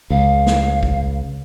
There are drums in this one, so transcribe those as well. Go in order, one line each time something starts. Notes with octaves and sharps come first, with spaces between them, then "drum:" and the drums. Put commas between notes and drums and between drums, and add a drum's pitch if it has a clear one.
C#2 F5
drum: snare
drum: kick